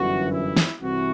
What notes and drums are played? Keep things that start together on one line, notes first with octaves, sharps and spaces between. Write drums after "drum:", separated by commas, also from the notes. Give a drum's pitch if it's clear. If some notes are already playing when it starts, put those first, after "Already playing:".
Already playing: G1 F#2 E3 F#4
E4
drum: snare
C2 C3 E3 F#4